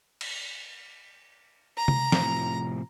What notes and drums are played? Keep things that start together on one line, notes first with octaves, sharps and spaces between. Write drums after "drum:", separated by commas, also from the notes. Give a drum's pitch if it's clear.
drum: cymbal
A#5
drum: tom C3
A2 C3 F3, drum: snare